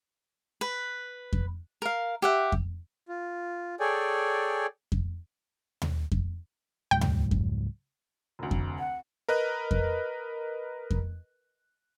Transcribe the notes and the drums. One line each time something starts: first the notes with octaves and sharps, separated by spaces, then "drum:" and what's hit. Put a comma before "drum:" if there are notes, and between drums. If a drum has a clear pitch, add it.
B4
drum: kick F2
A#4 F5
G4 E5 F#5
drum: kick F2
F4
G#4 A4 C#5 D5 G5 G#5
drum: kick F2
drum: tom D#2
drum: kick F2
C#2 G#2 F#3 G5
drum: tom D#2
drum: kick F2
F1 D2
drum: kick F2
F#5
A#4 B4 D#5 F#6
drum: kick F2
drum: kick F2